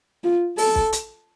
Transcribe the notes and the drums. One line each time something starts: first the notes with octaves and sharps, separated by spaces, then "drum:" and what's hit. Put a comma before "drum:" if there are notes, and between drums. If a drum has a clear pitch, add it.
F4
A4, drum: open hi-hat
drum: kick
drum: hi-hat